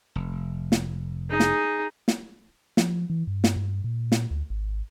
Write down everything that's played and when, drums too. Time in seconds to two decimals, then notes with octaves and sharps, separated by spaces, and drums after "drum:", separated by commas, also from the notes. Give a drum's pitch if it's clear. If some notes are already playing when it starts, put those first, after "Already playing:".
0.16 F1
0.72 drum: snare
1.30 D#4 G#4
1.40 drum: snare
2.08 drum: snare
2.77 F3, drum: snare
3.10 E3
3.27 G2
3.44 drum: snare
3.56 G2
3.84 A#2
4.12 drum: snare
4.31 D2
4.50 G#1